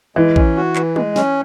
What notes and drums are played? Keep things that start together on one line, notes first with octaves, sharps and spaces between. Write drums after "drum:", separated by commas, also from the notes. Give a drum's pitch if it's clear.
E3 G#3
C#4, drum: kick
F#4
E3, drum: clap
G#3, drum: tom G#3
C#4, drum: snare